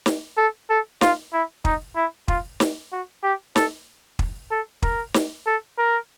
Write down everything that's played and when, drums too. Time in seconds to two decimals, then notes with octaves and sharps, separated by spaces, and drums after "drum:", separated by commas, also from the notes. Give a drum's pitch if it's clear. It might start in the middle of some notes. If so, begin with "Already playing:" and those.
0.06 drum: snare
0.37 A4
0.70 A4
1.01 F4, drum: snare
1.33 E4
1.65 D#4, drum: kick
1.96 E4
2.28 F4, drum: kick
2.60 drum: snare
2.92 F#4
3.23 G4
3.56 A4, drum: snare
4.19 drum: kick
4.51 A4
4.82 A#4, drum: kick
5.14 drum: snare
5.46 A4
5.78 A#4